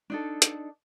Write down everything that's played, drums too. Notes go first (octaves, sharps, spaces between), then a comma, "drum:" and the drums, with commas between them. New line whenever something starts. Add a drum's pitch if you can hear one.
D4 D#4 A4
drum: hi-hat